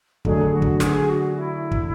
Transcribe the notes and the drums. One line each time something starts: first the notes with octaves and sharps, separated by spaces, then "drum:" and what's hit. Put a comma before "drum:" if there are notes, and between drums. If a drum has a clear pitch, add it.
D3 F#3 A3 D4 G#4, drum: kick
F#4
drum: kick
G#4, drum: snare
F#4
E4
drum: kick